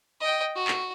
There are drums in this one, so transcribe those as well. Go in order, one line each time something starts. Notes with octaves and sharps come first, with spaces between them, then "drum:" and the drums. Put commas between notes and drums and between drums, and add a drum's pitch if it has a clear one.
D#5 G5
F#4
drum: clap